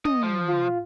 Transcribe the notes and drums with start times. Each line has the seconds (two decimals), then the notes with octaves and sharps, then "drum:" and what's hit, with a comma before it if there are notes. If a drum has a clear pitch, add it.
0.05 D#5, drum: tom
0.23 F3
0.48 F4